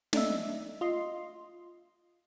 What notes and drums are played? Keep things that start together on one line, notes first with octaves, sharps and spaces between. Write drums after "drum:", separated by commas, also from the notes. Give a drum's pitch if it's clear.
A3 D4 D#4 E5, drum: snare
F4 D#5 C6